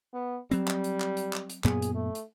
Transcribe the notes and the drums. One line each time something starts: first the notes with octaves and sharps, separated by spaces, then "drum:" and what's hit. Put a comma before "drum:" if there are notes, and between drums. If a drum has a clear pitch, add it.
B3
F#3 G3 C4, drum: hi-hat
drum: clap
drum: hi-hat
drum: clap
drum: hi-hat
drum: clap
drum: hi-hat
F#2 A#2 B3 G#4, drum: clap
drum: hi-hat
A3
drum: hi-hat